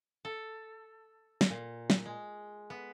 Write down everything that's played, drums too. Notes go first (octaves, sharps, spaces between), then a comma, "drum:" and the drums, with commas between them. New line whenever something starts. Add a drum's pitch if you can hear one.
A4
drum: snare
A#2
drum: snare
G#3
B3